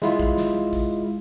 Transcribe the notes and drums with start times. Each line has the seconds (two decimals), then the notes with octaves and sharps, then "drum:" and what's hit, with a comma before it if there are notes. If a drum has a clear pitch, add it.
0.02 G#3 E4 F4, drum: snare
0.20 drum: kick
0.37 drum: snare
0.73 drum: kick, hi-hat